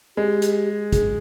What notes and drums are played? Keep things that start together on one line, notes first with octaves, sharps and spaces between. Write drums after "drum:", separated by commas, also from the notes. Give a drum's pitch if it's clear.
G#3 G4
drum: hi-hat
G#4, drum: kick, hi-hat